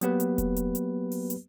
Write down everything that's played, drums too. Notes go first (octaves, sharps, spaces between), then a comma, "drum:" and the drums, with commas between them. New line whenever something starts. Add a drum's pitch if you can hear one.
F#3 A#3 B3 G4 B4, drum: hi-hat
drum: hi-hat
drum: kick E1, hi-hat
drum: hi-hat
drum: hi-hat
drum: open hi-hat
drum: hi-hat